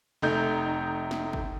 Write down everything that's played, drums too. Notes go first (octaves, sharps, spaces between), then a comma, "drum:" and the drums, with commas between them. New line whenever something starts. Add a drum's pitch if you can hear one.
F1 A3 D#4 G6
drum: snare
drum: kick